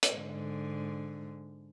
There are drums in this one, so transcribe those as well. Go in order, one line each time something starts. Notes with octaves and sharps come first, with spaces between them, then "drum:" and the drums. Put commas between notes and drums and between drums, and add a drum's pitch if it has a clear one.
drum: hi-hat
G#2 D3